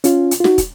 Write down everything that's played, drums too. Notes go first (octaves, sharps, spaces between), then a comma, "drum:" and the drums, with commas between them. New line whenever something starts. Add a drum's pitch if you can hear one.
C#4 F4, drum: hi-hat
drum: hi-hat
F4
D#4 F#4, drum: snare
drum: kick, hi-hat